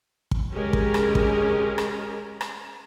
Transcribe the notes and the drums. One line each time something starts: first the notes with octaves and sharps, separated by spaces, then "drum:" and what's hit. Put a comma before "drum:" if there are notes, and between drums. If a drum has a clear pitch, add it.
drum: kick
G#3 C#4 G4 G#4 A#4
drum: kick
drum: rim click
drum: kick
drum: rim click
drum: rim click